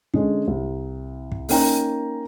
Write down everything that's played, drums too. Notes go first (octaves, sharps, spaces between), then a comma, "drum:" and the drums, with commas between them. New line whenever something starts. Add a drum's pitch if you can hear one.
D3 G#3 C#4, drum: kick
C2
drum: kick
A#3 C#4 D#4 G5 G#5 A#5, drum: open hi-hat